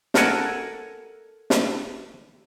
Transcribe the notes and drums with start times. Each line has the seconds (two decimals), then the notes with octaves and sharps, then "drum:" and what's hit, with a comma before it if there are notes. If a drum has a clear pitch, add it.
0.14 A4 A#4 F#5 G#5, drum: snare
1.50 drum: snare